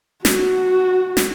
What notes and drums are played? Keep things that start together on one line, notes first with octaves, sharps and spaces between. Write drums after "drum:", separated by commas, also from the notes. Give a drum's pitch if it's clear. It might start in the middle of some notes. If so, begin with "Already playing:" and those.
F#4, drum: snare
drum: snare